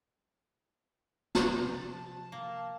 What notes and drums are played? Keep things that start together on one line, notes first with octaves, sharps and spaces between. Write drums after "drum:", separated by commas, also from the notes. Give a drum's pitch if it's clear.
F#3, drum: snare
C3 F3
A5
A#3